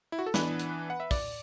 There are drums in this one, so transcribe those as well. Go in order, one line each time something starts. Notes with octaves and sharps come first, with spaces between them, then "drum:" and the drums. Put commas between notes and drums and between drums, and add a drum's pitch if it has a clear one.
E4
F#4
A4
E3 B3 D4 B4, drum: snare
drum: hi-hat
F#5
E5
D5, drum: kick, open hi-hat